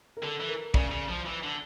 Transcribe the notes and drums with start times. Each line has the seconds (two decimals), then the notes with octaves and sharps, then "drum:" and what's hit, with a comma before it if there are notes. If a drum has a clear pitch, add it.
0.17 A#4
0.22 D3 A4
0.40 E3
0.49 A#4
0.74 C#3 D5, drum: kick
0.91 C#3
1.08 F3
1.26 E3
1.43 D3